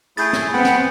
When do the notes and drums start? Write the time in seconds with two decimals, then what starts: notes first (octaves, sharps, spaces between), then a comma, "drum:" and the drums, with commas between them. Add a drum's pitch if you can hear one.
0.17 A3 E4 G#4 G#5 G6 A6, drum: cymbal
0.33 drum: snare
0.53 B3 C4 F#5 G5 B5
0.65 drum: snare